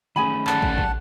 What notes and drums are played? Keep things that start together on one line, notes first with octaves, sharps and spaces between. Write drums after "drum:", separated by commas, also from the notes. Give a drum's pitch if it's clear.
D#3 A3 C#4 G#4 G#5 B5
G3 A4 F#5 A5, drum: clap
drum: kick
drum: kick